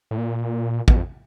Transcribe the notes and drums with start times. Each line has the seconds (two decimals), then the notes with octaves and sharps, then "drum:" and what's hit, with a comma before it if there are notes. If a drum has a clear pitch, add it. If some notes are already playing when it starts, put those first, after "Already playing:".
0.11 A2
0.18 A#2
0.88 B2, drum: kick
0.96 F2